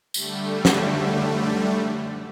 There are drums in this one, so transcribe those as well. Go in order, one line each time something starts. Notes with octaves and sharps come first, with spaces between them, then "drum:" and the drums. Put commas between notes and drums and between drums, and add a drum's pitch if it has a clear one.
D3 G3 A3, drum: tambourine
drum: snare